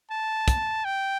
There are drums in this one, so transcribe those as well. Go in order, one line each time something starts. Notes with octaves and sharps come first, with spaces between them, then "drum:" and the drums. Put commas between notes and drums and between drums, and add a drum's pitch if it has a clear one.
A5
drum: kick, hi-hat
G5